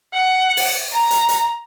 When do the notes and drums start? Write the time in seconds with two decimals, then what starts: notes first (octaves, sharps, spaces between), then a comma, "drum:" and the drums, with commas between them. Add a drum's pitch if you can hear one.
0.14 F#5
0.57 drum: open hi-hat
0.93 A#5
1.11 drum: hi-hat
1.29 drum: hi-hat